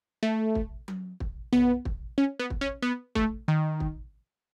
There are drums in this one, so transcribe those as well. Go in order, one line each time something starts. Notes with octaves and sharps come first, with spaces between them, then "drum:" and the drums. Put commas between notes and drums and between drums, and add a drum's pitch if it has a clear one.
A3
drum: kick
drum: tom F#3
drum: kick
B3, drum: tom B1
drum: kick
C#4
B3
drum: kick
C#4
B3
A3, drum: kick
D#3
drum: kick